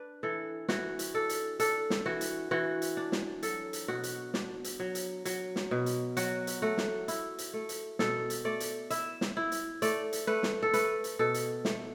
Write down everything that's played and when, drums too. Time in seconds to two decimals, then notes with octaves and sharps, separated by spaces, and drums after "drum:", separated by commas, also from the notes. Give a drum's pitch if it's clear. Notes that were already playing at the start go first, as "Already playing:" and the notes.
Already playing: D4 B4
0.23 E3 A4
0.68 E3 F#4, drum: snare
0.99 drum: hi-hat
1.14 D4 A4
1.29 drum: hi-hat
1.60 D4 A4, drum: hi-hat
1.90 drum: snare
2.06 E3 F#4
2.21 drum: hi-hat
2.51 E3 F#4
2.82 drum: hi-hat
2.97 D4
3.12 drum: snare
3.42 F#3 A4, drum: hi-hat
3.73 drum: hi-hat
3.88 B2 F#4
4.04 drum: hi-hat
4.34 D4, drum: snare
4.64 drum: hi-hat
4.80 F#3
4.95 drum: hi-hat
5.25 F#3, drum: hi-hat
5.56 drum: snare
5.71 B2
5.86 drum: hi-hat
6.17 F#3 F#4, drum: hi-hat
6.47 drum: hi-hat
6.62 A3 F#4
6.78 drum: snare
7.08 E4, drum: hi-hat
7.38 drum: hi-hat
7.53 A3
7.69 drum: hi-hat
7.99 B2 A4, drum: snare
8.30 drum: hi-hat
8.45 A3 D5
8.60 drum: hi-hat
8.90 E4 E5, drum: hi-hat
9.21 drum: snare
9.37 E4
9.52 drum: hi-hat
9.82 A3 D5, drum: hi-hat
10.13 drum: hi-hat
10.27 A3 B4
10.43 drum: snare
10.63 A4
10.73 A3 B4, drum: hi-hat
11.04 drum: hi-hat
11.19 B2 A4
11.34 drum: hi-hat
11.65 A3, drum: snare